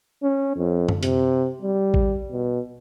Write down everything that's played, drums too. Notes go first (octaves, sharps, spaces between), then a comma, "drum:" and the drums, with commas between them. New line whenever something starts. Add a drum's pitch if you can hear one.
C#4
F2
drum: tom F#2
C3, drum: hi-hat
G3
drum: kick A1
B2